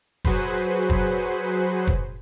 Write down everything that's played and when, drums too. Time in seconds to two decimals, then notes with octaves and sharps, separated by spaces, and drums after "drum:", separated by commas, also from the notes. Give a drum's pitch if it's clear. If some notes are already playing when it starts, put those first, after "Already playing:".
0.25 F#3 F#4 G#4 B4 C5, drum: kick
0.90 drum: kick
1.87 drum: kick